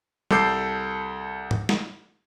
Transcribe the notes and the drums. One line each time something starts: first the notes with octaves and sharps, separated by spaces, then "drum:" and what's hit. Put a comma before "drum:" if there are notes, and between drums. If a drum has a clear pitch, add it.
C2 A4 D6 G6 C7, drum: tom
drum: tom G#2
drum: snare